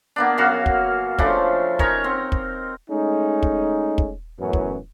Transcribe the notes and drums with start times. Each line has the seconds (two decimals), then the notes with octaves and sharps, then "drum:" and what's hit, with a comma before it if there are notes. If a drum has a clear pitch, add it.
0.16 A#3 B3 D4
0.38 F#2 C#3 F#4 F5
0.66 drum: kick
1.19 C#3 F3 A3 D4, drum: kick
1.79 C#4 D#4 A#4 C#5, drum: kick
2.04 C4
2.32 drum: kick
2.90 G#3 A3 C#4 D#4
3.43 drum: kick
3.98 drum: kick
4.40 F#2 A2 E3 B3 C#4
4.53 drum: kick